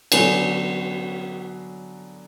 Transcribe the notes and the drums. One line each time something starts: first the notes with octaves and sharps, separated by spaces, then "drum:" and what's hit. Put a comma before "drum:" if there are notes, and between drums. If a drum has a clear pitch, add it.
D3 F#3 B3 D4 G#5, drum: cymbal